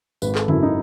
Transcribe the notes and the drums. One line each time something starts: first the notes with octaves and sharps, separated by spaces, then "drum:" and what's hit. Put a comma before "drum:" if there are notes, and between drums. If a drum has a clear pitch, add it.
G#1 B4, drum: tambourine
A4, drum: clap
F#2 E4, drum: tom C#3
D#4